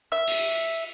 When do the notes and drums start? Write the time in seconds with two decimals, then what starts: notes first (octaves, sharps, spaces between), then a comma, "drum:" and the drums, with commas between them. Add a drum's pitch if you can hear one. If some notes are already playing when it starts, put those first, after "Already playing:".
0.12 E5
0.27 drum: open hi-hat